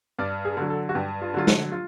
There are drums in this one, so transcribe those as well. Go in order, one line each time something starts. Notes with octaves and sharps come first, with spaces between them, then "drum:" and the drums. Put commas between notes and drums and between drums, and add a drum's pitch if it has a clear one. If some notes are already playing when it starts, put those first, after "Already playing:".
G2 D5
G#4
D3 F#3
A4
F#4
G2 G4
F4
D3 F#3 F4
F#4, drum: snare
F4